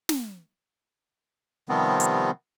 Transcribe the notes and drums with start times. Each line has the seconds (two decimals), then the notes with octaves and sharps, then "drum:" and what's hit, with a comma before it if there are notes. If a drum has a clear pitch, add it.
0.09 drum: snare
1.69 C3 D#3 F3 G3 B3 C4
2.00 drum: hi-hat